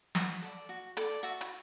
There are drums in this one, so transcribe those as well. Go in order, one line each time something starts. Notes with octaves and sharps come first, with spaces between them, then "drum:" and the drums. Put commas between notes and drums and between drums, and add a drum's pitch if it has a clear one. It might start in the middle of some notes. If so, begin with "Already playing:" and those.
F#4 F#5 B5, drum: snare
A4 D5
F#4
A4 D5, drum: hi-hat
F#4 E5 A5
drum: hi-hat